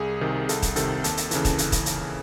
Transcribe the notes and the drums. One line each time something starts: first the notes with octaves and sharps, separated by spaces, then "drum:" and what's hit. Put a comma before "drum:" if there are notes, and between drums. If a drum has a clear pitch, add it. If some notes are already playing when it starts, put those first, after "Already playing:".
Already playing: C2 G#4
C3 D#3
C2 A4, drum: hi-hat
drum: kick, hi-hat
C3 D#3 A4, drum: hi-hat
D#2 A4, drum: hi-hat
drum: hi-hat
C#3 E3, drum: hi-hat
drum: kick, hi-hat
drum: hi-hat
drum: kick, hi-hat
drum: hi-hat